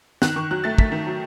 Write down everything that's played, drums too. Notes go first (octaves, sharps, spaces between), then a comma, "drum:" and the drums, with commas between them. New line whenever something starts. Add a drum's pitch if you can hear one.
D#3 F#6, drum: snare
D#3 C#6
F#3 F#6
A3 A6
A3 B6, drum: kick
D#3
F#3